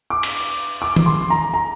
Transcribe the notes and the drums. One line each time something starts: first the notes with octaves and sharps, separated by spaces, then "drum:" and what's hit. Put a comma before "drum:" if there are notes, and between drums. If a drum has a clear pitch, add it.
D6
drum: cymbal
D6
drum: tom D#3
C6
A#5
A#5